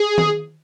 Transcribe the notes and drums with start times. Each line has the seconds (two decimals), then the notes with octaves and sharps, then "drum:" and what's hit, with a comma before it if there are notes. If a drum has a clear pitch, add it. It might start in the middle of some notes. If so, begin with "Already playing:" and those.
Already playing: G#4
0.18 drum: tom D#3